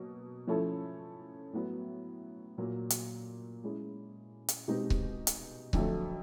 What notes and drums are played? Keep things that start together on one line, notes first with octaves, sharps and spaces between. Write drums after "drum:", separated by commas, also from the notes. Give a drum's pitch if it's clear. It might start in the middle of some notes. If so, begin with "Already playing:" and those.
Already playing: B2 F#3 A#3
F3 A3 C#4 E4 A4
A2 F#3 B3
A#2 F#3 A#3
drum: hi-hat
G#3 C#4 E4 G#4
drum: hi-hat
B2 G#3 C4 D#4 G4
drum: kick C#1
drum: hi-hat
F2 D3 F#3 A3, drum: kick C#1